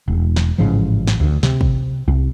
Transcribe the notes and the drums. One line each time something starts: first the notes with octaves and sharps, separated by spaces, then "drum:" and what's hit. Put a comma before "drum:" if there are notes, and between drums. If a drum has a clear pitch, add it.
E1
drum: snare
A1 G#2 C#3 F3
drum: snare
D2
C3, drum: snare
drum: kick
C2